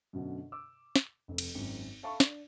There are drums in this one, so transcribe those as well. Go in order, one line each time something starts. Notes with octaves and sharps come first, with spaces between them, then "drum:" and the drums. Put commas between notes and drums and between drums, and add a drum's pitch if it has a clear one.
F#2 B2 D3
D6 E6
drum: snare
F1 F2
drum: cymbal
G#1 F#2
A4 E5 F5 A5 B5 C#6
D4, drum: snare